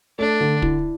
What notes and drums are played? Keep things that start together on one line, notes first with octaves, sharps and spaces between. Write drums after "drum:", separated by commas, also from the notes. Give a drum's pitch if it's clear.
A3 D4
D3
E4, drum: kick